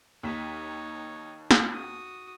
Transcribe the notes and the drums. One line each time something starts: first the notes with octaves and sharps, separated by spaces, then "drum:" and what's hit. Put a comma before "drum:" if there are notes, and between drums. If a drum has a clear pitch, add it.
D#2 D#4 C#5 B6
drum: snare
F#4 D#6